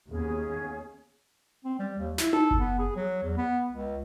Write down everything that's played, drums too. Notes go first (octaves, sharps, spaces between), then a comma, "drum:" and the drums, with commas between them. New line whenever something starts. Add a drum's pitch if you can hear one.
D#2 A#3 B3 C#4 G#4
C4
G3
D#2
E4, drum: snare
A4, drum: tom D#4
drum: kick F#1
B3
G#4
F#3
E2
B3
C#2